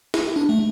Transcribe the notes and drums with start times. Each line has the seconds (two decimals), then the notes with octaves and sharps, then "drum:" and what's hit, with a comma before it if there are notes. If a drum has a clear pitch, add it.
0.14 E4, drum: snare
0.36 D4
0.49 A3